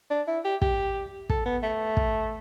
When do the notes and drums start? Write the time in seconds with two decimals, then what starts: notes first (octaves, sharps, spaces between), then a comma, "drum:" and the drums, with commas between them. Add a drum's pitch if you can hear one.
0.11 D4
0.27 E4
0.44 G4
0.62 G4, drum: kick
1.30 A4, drum: kick
1.46 B3
1.63 A3
1.97 drum: kick